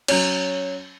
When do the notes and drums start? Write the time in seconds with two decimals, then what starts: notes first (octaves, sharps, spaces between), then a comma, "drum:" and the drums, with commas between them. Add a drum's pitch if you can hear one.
0.08 F#3 C#4, drum: cymbal